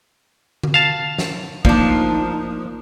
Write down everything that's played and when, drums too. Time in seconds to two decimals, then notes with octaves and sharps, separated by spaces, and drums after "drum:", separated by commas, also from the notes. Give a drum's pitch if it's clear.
0.63 drum: tom D3
0.74 F5 A5
1.18 drum: snare
1.65 F3 A#3 D4 D#4 D5, drum: kick